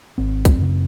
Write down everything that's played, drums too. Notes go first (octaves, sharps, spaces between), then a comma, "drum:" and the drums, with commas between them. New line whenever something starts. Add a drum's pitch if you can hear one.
G#1 C4
drum: kick, hi-hat
F#2 C#3